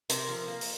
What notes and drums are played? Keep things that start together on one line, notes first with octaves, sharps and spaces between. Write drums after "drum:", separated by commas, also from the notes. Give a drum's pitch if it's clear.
C3 A#4, drum: hi-hat
F3
A#3
drum: open hi-hat